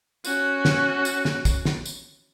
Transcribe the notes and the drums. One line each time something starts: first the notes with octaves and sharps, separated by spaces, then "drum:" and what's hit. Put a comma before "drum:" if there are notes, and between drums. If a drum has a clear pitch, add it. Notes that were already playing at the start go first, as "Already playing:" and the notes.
C#4 F#4, drum: tambourine
drum: snare
drum: tambourine
drum: snare
drum: kick, tambourine
drum: snare
drum: tambourine